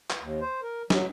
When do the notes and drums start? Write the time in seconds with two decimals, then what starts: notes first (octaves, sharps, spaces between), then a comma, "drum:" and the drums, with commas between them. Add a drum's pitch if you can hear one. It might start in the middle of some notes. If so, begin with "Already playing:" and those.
0.10 drum: clap
0.21 D#2
0.41 C5
0.63 A#4
0.90 F#3, drum: snare